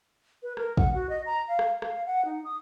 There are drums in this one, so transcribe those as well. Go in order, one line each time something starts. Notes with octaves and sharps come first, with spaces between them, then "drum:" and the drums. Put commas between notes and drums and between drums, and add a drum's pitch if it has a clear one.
B4
A#4, drum: rim click
F#5, drum: kick A1
F#4
D#5
A#5
F5
drum: rim click
F5, drum: rim click
F#5
D#4
D#6